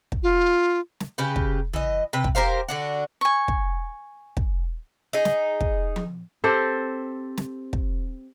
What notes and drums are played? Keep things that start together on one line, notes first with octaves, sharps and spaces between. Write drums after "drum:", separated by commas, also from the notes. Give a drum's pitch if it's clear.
drum: kick
F4
drum: snare
C#3 G4 B4
drum: kick
E3 D#5, drum: tom
C3 B4
drum: kick
G4 A#4 C5 F5
D3 D4 F#4
G#5 C#6
drum: kick
drum: kick
D#4 G#4
drum: snare
drum: kick
drum: tom F3
C4 G4 A4 C5
drum: snare
drum: kick